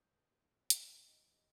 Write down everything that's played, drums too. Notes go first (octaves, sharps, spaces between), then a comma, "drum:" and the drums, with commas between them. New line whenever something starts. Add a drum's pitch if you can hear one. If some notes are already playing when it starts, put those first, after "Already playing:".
Already playing: D#6 G6
B4
D#4
E4 C#6 E6, drum: hi-hat
C#5 D#5 G5
C#5
G4 D#5